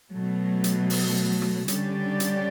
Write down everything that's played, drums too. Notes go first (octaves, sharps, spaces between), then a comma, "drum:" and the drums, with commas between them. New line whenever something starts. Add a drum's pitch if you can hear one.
B2 F#3 A3
drum: hi-hat
drum: open hi-hat
drum: rim click
D3 G3 C#4 G4 D5, drum: hi-hat
drum: hi-hat